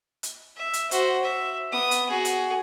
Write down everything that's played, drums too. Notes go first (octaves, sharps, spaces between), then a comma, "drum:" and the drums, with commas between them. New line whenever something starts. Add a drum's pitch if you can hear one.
drum: hi-hat
E5
drum: hi-hat
F#4 C5, drum: hi-hat
E5
B3 D#6
drum: hi-hat
F#4 G#4
drum: hi-hat